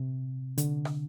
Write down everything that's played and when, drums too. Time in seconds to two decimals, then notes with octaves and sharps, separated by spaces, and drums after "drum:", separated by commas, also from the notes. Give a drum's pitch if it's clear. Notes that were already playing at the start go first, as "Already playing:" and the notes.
Already playing: C3
0.58 D3, drum: hi-hat
0.85 drum: rim click